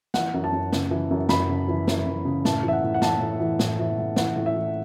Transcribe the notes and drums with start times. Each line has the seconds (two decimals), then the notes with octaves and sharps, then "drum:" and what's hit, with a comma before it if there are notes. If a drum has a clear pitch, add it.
0.14 E3 F#5, drum: snare
0.34 F#2
0.44 A5
0.53 F#2
0.73 C#3, drum: snare
0.91 E3
1.11 F#2
1.29 F#2 B5, drum: snare
1.49 C#3
1.68 E3
1.88 F#2, drum: snare
2.06 F#2
2.25 C#3
2.45 A2 A5, drum: snare
2.63 E3
2.68 E5
2.73 F#5
2.83 A2
2.94 F#5
3.02 E3 A5, drum: snare
3.21 A2
3.40 E3
3.59 A2, drum: snare
3.79 E3
3.98 A2
4.16 E3 F#5, drum: snare
4.36 A2
4.46 E5
4.55 E3